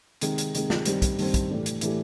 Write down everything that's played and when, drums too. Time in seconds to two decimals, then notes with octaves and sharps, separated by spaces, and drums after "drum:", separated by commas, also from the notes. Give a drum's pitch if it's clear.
0.21 C3 D#3 G#3, drum: hi-hat
0.38 drum: hi-hat
0.55 C3 D#3 G#3, drum: hi-hat
0.70 drum: snare
0.85 G2 D#3 G3 C4, drum: hi-hat
1.02 drum: kick, hi-hat
1.19 G2 D#3 G3 C4, drum: open hi-hat
1.34 drum: kick, hi-hat
1.50 A2 E3 A3 D4 G4
1.66 drum: hi-hat
1.81 A2 E3 A3 D4 G4, drum: hi-hat